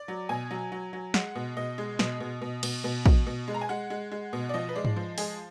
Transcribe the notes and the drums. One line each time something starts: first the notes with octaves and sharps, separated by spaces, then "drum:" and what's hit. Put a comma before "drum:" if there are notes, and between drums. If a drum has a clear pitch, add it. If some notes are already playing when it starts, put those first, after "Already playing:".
Already playing: D5
F#3
B2 G#5
F#3
F#3
F#3
G#3 F#5, drum: snare
B2
B2 D#5
G#3
B2, drum: snare
B2
B2
B2, drum: cymbal
B2
B2, drum: kick
B2
G#3
A#5
G#5
G#3 F#5
G#3
G#3
B2
D5
F3 D#5
B4
G#3 D5
drum: tom G#2
F3
G#3 G#4, drum: open hi-hat